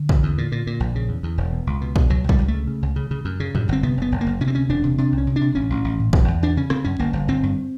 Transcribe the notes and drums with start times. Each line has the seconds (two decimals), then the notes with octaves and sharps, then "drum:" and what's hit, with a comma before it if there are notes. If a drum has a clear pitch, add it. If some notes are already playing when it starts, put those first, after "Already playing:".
Already playing: D3
0.09 E2, drum: kick
0.23 E2
0.38 A#2
0.52 A#2
0.67 A#2
0.80 A#1
0.95 C#3
1.09 E2
1.23 E2
1.38 E1
1.52 B2
1.67 C#2
1.81 B2
1.96 B2, drum: kick
2.10 C#2 F#3
2.24 C#2
2.29 G3, drum: kick
2.38 C#2
2.48 A3
2.54 C#3
2.67 C#3
2.82 C#2
2.96 C#3
3.11 C#3
3.25 F#2
3.40 C#3
3.55 F#2, drum: tom
3.69 G1 C4
3.83 C3 B3
3.97 F#1 B3
4.12 F#1
4.21 A#3
4.26 F#1
4.41 C3 C#4
4.47 C4
4.55 D2 C#4
4.69 E1 D4
4.84 C3
4.98 C3 D4
5.12 C2
5.18 C#4
5.27 C3
5.36 D4
5.41 C3
5.55 A1 C#4
5.70 A1
5.84 A1
5.99 A2
6.13 E1, drum: kick
6.28 E2
6.42 E2 D4
6.57 C#3 C#4
6.70 C#3 C4, drum: rim click
6.84 F#2 C#4
6.99 G1 A#3
7.13 G1
7.28 G1 C4
7.43 G2